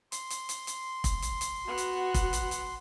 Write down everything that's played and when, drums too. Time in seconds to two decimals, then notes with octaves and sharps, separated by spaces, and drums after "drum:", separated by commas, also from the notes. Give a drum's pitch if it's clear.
0.12 C6, drum: hi-hat
0.30 drum: hi-hat
0.49 drum: hi-hat
0.67 drum: hi-hat
1.04 drum: kick, hi-hat
1.22 drum: hi-hat
1.41 drum: hi-hat
1.67 B3 F#4 F#6
1.78 drum: hi-hat
2.14 drum: kick, hi-hat
2.33 drum: hi-hat
2.51 drum: hi-hat